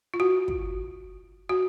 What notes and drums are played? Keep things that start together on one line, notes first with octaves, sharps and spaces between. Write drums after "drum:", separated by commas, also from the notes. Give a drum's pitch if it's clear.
F4
F#4
drum: kick
F#4